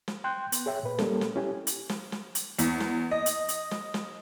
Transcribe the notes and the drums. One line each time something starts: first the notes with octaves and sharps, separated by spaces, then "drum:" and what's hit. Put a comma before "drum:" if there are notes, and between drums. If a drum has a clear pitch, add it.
drum: snare
G5 C6 F#6 G6
B3, drum: hi-hat
G#4 C#5 E5 G5
A#2 B4
G3 A#3 C#4 A4, drum: snare
drum: snare
C#4 E4 G4 G#5
drum: hi-hat
drum: snare
drum: snare
drum: hi-hat
E2, drum: hi-hat
drum: snare
D#5
drum: hi-hat
drum: hi-hat
drum: snare
drum: snare